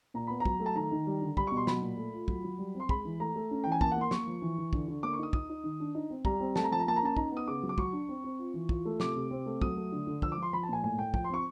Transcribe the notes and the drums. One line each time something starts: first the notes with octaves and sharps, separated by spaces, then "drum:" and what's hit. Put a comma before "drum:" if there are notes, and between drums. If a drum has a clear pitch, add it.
A#2 A#5
B3 B5
A#5
F#3, drum: kick
A3
A5
D#3 A#5
D#3
G3
D3
G3 B5, drum: kick
B2 C#6
C6
F#3 B5, drum: snare
A#2
A3
F4
F#3, drum: kick
F#3
G3
C4
C6
G#3 B5, drum: kick
E3
A3 A#5
A3
C#4
E3 G5
G#5
A#3 A5, drum: kick
F#5
A#3 C6
A#3 C#6, drum: snare
F3
E3
E3
D3, drum: kick
D3
A#3 D6
C#6
D#4 D#6
D#4 D#6, drum: kick
D#4
D#3
D4
D#4
C4
G3 A#5, drum: kick
C4
A3 A5, drum: snare
A#5
F3 A5
A#5
A#3 A5
A#5
C#4 A5
D#4 A#5, drum: kick
B3
D#6
C#3 D6
F#3
D6
F#3 C#6, drum: kick
D4
C4
C4
F4
E3
F4, drum: kick
A3
C3 D6, drum: snare
C3
C4
A3
F#3 D#6, drum: kick
A3
D3
D3
F3 E6, drum: kick
D6
F3
C6
F3 B5
A5
A#2 G#5
A2 G#5
A2 G5
F3 G5, drum: kick
C6
C4 C#6